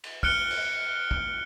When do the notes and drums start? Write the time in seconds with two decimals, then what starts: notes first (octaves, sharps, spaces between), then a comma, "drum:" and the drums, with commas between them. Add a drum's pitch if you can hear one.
0.04 drum: cymbal
0.23 F6 F#6 C#7 D7 G7, drum: kick A#1
0.51 drum: cymbal
1.11 drum: kick A#1